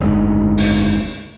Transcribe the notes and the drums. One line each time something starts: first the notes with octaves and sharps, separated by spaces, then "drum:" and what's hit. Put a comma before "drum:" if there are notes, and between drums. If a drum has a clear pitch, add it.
F#1 D2 G#2
drum: open hi-hat